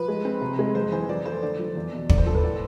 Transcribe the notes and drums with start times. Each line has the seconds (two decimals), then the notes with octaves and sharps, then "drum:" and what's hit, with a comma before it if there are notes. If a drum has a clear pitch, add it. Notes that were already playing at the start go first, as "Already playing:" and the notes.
Already playing: F3 B4
0.08 G#3
0.25 C4
0.41 C3
0.59 G#3
0.75 F2 C5
0.92 E3 C5
1.09 F3 D5
1.25 A3 C5
1.42 D3 D5
1.59 F3
1.75 E2
1.93 B2
2.09 D3 D5, drum: kick
2.18 C5
2.26 F3 A4
2.34 B4
2.43 A2 D5